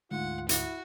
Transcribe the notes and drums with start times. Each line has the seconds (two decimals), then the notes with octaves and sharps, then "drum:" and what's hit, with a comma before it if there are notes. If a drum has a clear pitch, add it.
0.11 D2 G#2 F4 F#5
0.49 E4 F#4, drum: hi-hat